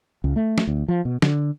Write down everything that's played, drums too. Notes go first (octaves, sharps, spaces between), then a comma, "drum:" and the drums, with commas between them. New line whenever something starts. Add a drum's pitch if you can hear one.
C#2
A3
drum: snare
D2
F3
B2
D3, drum: snare